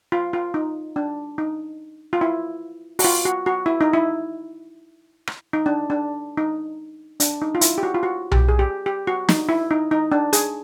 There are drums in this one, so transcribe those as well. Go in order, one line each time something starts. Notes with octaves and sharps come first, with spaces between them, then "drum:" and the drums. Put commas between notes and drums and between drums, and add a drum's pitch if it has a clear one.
F4
F4
D#4
D4
D#4
F4
E4
F#4, drum: open hi-hat
F4
F#4
F#4
E4
D#4
E4
drum: rim click
D#4
D4
D4
D#4
D4, drum: hi-hat
D#4
F4
E4, drum: hi-hat
G4
F#4
F4
F#4
G4, drum: tom B1
G#4
G4
G4
F#4
D#4, drum: snare
E4
D#4
D#4
D4
G#4, drum: hi-hat